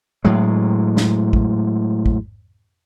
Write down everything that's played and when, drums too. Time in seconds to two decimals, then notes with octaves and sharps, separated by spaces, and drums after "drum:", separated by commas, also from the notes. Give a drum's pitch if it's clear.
0.25 A2 F#3 G#3
0.97 drum: snare
1.33 drum: kick
2.06 drum: kick